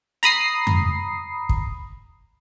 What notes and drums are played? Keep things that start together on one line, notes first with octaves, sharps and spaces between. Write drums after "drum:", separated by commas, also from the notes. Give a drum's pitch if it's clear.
A#5 B5 D#6 C7, drum: hi-hat
drum: tom F2
drum: kick